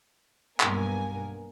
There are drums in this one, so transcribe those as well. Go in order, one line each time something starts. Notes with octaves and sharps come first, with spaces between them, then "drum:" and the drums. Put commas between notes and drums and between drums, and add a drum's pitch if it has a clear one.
B1 G2 A#3 B3 A#4 G#5, drum: clap